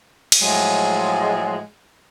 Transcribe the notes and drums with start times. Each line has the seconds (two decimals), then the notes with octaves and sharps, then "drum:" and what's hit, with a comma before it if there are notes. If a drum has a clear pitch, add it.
0.32 drum: cymbal
0.42 A2 F3 F#3 G#3